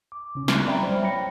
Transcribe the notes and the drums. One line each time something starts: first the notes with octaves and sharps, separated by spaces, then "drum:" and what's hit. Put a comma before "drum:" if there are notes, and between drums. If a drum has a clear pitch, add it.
D6
C#3 C#4
F6 F#6, drum: snare
D5 E5 G5 A#5 B5
F#3 G3 C5
C#5 G5 B5 A#6 C#7